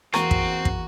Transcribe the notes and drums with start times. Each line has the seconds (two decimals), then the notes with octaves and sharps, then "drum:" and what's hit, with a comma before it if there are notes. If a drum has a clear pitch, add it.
0.14 E2 A#3 C4 F#4 A#5 C#6 D#7, drum: rim click
0.31 drum: kick
0.65 drum: kick